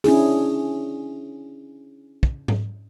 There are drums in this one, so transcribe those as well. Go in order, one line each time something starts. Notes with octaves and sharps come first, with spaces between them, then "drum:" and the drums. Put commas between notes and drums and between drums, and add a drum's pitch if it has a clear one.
C#4 D4 E4 G#4, drum: open hi-hat
drum: kick
drum: tom G#2